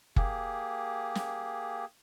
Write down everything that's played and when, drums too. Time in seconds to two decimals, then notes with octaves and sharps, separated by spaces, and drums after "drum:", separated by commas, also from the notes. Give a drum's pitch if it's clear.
0.16 A#3 G4 G#4, drum: kick F#1
1.15 drum: snare